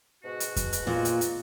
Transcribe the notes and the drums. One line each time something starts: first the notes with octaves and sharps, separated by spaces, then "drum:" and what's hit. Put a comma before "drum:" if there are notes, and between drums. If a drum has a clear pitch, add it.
G#2 B2 F#4
drum: hi-hat
drum: kick F2, hi-hat
drum: hi-hat
A#2 F4
drum: hi-hat
drum: hi-hat